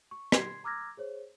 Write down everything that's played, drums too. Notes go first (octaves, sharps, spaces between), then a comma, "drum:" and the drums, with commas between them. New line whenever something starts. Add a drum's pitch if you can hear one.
C#6
C6 G#6 C7, drum: rim click
A#5 D6 E6 F6 G#6 A#6
G#4 C5 C#5